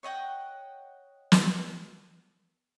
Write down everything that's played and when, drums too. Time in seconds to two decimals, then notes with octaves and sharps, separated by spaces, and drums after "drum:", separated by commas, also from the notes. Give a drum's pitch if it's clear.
0.03 C#5 D#5 F#5 G5
1.32 drum: snare